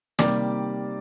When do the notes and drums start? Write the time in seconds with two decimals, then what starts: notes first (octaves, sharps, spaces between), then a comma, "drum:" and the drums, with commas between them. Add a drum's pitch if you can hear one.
0.19 C3 D#3 G3 A#3 D5 D6, drum: snare